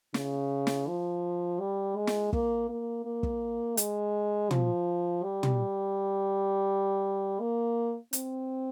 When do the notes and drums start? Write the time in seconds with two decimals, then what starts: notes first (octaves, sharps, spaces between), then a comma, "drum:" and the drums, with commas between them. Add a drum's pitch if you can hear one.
0.14 C#3, drum: snare
0.67 drum: snare
0.87 F3
1.60 G3
1.96 G#3
2.07 drum: snare
2.33 A#3, drum: kick
2.69 A#3
3.05 A#3
3.23 drum: kick
3.77 G#3, drum: hi-hat
4.51 F3, drum: tom
5.23 G3
5.43 drum: tom
7.40 A#3
8.13 C4, drum: hi-hat